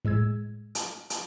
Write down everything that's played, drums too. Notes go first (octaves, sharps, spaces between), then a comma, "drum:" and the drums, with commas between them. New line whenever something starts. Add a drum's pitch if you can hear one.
A2 G#3 E6 G#6
drum: hi-hat
drum: hi-hat